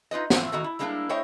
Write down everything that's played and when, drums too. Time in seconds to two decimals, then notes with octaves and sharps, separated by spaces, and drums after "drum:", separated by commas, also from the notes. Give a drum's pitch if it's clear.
0.11 D#4 F4 B4 D#5
0.30 E3 F3 A3 C4, drum: snare
0.52 E2 A2 D#3 F#4 D#5 A#5
0.64 E4
0.79 G3 G#3 A#3 D4 E4 A#4
1.09 A3 E4 C5 C#5 D#5 G5